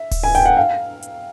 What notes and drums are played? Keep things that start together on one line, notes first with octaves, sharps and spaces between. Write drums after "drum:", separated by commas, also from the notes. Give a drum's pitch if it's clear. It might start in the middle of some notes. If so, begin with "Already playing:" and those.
Already playing: E5
drum: kick D1, open hi-hat
G#5
G5, drum: hi-hat
F#5
F5
drum: hi-hat